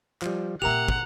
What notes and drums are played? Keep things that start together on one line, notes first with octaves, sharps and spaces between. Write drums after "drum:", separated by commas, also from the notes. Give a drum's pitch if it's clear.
F3 G3, drum: clap
A#2 C#3 G4 A#4 E5 F#5 A#5 F7
drum: kick